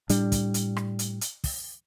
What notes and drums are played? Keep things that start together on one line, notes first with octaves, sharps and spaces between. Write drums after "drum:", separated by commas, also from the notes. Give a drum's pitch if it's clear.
A2 G3 D4, drum: hi-hat
drum: kick, hi-hat
drum: hi-hat
drum: rim click
drum: hi-hat
drum: hi-hat
drum: kick, open hi-hat